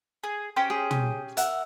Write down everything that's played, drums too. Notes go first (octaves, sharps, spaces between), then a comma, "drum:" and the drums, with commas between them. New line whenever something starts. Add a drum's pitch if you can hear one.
G#4
C#4 G4 C5
G#4
drum: tom
A#4 E5 F#5, drum: hi-hat